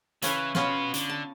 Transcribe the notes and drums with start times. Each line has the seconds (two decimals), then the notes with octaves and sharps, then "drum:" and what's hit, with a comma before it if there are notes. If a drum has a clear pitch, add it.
0.22 C#3 E3 C#4 B4, drum: hi-hat
0.55 B3 C#4 F4 F#4 B4, drum: snare
0.94 D3, drum: hi-hat
1.10 A5